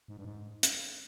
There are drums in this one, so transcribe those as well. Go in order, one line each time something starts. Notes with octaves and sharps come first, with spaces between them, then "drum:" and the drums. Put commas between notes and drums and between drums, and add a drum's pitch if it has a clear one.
G#2
G2
G#2
drum: hi-hat